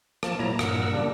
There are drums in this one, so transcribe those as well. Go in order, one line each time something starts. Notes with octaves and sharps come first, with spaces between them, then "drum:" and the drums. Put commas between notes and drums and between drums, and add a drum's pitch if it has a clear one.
F3 A#3 A5, drum: rim click
A#2 F#3 A#3 E4 A#5
G2 A#2 A#4 F#5 E6, drum: rim click
C#3 G3 A#3 D4